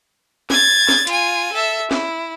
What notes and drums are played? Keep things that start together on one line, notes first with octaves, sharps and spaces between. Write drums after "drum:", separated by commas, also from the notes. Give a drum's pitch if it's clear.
G#6 A6, drum: snare
drum: snare
F4 G#5, drum: hi-hat
A4 E5
E4, drum: snare